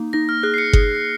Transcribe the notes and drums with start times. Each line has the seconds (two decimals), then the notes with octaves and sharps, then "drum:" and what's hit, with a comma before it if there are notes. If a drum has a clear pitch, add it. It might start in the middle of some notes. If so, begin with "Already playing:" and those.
Already playing: A#3 D#4
0.13 D#4 A#6
0.29 F6
0.43 G#4 F#6
0.54 C7
0.58 C#7
0.73 G#4, drum: kick G1